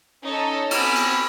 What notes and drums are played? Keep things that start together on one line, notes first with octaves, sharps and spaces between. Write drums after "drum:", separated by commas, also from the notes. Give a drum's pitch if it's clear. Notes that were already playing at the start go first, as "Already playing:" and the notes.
C#4 D#4 A4
B3 C4 G#5 B5 D6, drum: cymbal
drum: cymbal